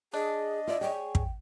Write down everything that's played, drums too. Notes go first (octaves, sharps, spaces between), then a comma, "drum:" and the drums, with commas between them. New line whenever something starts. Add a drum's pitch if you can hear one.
D4 G#4 D#5
F4 D5 E5
G#4 C#5 G5
drum: kick